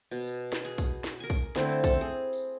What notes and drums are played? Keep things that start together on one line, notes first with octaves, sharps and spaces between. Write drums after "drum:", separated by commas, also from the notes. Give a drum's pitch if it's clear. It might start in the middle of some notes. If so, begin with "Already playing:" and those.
B2
drum: tambourine
drum: snare
G#4
drum: kick, tambourine
drum: snare
A#4 G#5
drum: kick, tambourine
D3 A3 C4 E4, drum: snare
C4 A4, drum: kick, tambourine
G#4
drum: tambourine